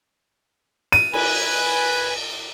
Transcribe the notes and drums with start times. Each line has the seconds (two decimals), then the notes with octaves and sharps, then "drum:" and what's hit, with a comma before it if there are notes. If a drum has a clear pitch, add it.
0.92 D#7, drum: cymbal
1.13 B4 G#5 B5, drum: cymbal